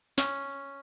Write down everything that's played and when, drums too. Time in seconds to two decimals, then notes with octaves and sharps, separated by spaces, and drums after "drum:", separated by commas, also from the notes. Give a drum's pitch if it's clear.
0.18 C#4, drum: snare